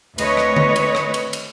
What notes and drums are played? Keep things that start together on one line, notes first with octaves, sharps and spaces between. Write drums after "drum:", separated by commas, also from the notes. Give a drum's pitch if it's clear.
D2 A3 C4 B4 C#5 D#5, drum: cymbal
drum: rim click
drum: tom D3
drum: cymbal
drum: rim click
drum: cymbal
drum: cymbal